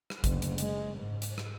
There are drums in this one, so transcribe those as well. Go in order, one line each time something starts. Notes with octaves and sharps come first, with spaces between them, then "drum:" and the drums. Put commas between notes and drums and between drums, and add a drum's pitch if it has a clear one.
drum: rim click
F#1 D2, drum: kick G#1, hi-hat
drum: hi-hat
G#3, drum: hi-hat
G#2
drum: hi-hat
drum: rim click